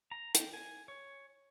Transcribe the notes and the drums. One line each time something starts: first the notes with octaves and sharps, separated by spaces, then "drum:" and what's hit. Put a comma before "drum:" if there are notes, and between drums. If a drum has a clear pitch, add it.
A#5
G5, drum: hi-hat
G#5
C#5